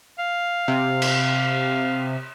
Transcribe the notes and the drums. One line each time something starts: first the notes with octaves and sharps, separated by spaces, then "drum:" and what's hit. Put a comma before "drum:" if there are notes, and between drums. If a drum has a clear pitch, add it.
F5
C3
drum: cymbal